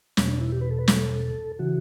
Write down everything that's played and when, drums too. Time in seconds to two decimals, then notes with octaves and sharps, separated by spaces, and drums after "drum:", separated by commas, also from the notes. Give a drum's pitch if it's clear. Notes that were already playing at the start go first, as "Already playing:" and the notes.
0.17 E2 B2 C#4, drum: snare
0.28 D4
0.41 E4
0.52 G4
0.61 B4
0.71 A4
0.79 B4
0.88 A4, drum: snare
1.59 C#3 E3 F#4